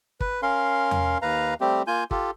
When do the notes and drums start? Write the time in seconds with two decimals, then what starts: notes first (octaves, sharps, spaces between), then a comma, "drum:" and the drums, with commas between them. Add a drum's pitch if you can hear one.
0.21 B4, drum: kick
0.43 C#4 A#4 F5 C6
0.91 drum: tom E2
1.22 D#2 B4 F5 A#5
1.61 G3 A3 C4 G4
1.87 A#3 F4 G#5 G6
2.11 F4 G4 A4, drum: kick